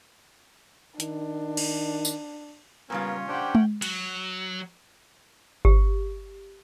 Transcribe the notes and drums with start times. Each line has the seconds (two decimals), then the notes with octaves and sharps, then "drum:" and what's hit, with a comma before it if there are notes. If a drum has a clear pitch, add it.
1.00 D#3 D4, drum: hi-hat
1.57 drum: cymbal
2.05 drum: tambourine
2.90 A#2 C#3 G3 B3 C#4 F4 A#4
3.28 D4 G4 C5 F#5 G5
3.55 drum: tom G#3
3.82 F#3, drum: cymbal
5.65 G4, drum: kick G1